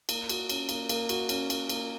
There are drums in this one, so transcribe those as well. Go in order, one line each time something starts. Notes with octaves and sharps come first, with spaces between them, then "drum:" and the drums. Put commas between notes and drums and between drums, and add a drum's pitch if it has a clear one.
A#3, drum: cymbal
F#4, drum: cymbal
C#4, drum: cymbal
A#3, drum: cymbal
A#3, drum: cymbal
F#4, drum: cymbal
C#4, drum: cymbal
A#3, drum: cymbal
A#3, drum: cymbal